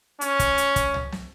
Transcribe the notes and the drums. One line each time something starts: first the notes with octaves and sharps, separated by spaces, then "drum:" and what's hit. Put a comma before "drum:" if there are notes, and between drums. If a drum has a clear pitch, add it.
C#4, drum: hi-hat
drum: kick, hi-hat
drum: hi-hat
drum: kick, hi-hat
drum: tom
drum: snare